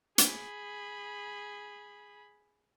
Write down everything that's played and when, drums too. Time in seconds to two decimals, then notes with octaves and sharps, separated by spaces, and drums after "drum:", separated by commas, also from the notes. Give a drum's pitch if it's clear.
0.18 G#4 B5, drum: hi-hat